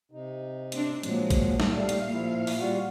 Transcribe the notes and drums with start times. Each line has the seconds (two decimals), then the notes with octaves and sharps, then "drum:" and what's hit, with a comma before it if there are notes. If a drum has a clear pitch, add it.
0.11 C3 D#4
0.72 C4 D4, drum: hi-hat
1.03 A#2 F3 F#3 G#3 A#3, drum: hi-hat
1.30 drum: kick, hi-hat
1.60 drum: snare
1.72 A#2 G3 A3 F5
1.89 drum: hi-hat
2.12 F3 E4
2.47 drum: open hi-hat
2.59 G3 F4 F#4